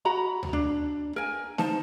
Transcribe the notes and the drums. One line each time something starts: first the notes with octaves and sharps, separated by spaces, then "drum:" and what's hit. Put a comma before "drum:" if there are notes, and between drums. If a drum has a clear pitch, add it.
F#4 A#5 B5
drum: tom D2
D4
A#4 G#5
D#4 C5 A5, drum: snare